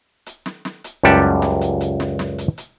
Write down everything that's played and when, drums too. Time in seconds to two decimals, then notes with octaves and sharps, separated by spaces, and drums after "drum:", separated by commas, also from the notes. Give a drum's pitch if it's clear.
0.26 drum: hi-hat
0.46 drum: snare
0.65 drum: snare
0.84 drum: hi-hat
1.03 C#2 F#2 G3 G4 F#5 A5
1.42 drum: snare
1.61 drum: hi-hat
1.81 drum: hi-hat
2.00 drum: snare
2.19 drum: snare
2.38 drum: hi-hat
2.58 drum: hi-hat